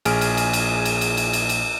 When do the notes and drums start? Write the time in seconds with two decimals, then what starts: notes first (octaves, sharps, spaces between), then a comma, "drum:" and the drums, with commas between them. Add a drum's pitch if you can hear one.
0.05 A#1 G#4 G#5 F6 D7, drum: cymbal
0.21 drum: cymbal
0.37 drum: cymbal
0.53 drum: cymbal
0.85 drum: cymbal
1.01 drum: cymbal
1.17 drum: cymbal
1.33 drum: cymbal
1.49 drum: cymbal